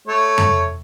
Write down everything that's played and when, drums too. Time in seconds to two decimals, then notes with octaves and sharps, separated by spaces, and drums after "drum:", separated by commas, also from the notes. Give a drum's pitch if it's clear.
0.08 A3 C#5
0.38 drum: tom F2